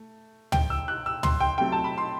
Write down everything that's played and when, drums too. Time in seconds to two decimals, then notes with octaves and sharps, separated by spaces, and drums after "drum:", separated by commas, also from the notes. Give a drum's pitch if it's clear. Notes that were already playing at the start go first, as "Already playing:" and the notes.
Already playing: A3
0.52 G5, drum: tom
0.70 E6
0.88 F#6
1.06 E6
1.23 C6, drum: tom
1.40 G5
1.58 C3 F#3 A3 C4 G5
1.72 A5
1.84 B5
1.98 C6